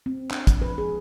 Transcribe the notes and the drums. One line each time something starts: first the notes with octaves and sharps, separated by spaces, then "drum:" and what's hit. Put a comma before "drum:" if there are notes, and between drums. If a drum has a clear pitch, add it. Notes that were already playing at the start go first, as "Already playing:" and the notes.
C4
D4, drum: clap
F3, drum: kick, hi-hat
B4
G#4